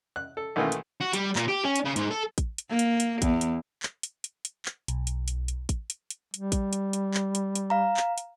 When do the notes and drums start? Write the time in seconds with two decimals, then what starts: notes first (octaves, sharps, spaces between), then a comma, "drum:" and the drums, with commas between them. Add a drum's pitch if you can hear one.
0.16 F#6
0.37 A4
0.56 B1 D#3 E3 A3 A#3
0.72 drum: hi-hat
1.01 F#4
1.13 G3, drum: hi-hat
1.36 A#2, drum: clap
1.48 G4
1.64 C#4
1.76 drum: hi-hat
1.85 C#3
1.96 G#2, drum: hi-hat
2.11 A4
2.38 drum: kick A1, hi-hat
2.58 drum: hi-hat
2.70 A#3
2.79 drum: hi-hat
3.00 drum: hi-hat
3.22 E2, drum: kick A1, hi-hat
3.41 drum: hi-hat
3.83 drum: clap
4.03 drum: hi-hat
4.24 drum: hi-hat
4.45 drum: hi-hat
4.65 drum: clap
4.88 B1, drum: hi-hat
5.07 drum: hi-hat
5.28 drum: hi-hat
5.48 drum: hi-hat
5.69 drum: kick A1, hi-hat
5.90 drum: hi-hat
6.10 drum: hi-hat
6.34 G3, drum: hi-hat
6.52 drum: kick A1, hi-hat
6.73 drum: hi-hat
6.93 drum: hi-hat
7.14 drum: clap
7.35 drum: hi-hat
7.55 drum: hi-hat
7.70 F5 A#5
7.97 drum: clap
8.18 drum: hi-hat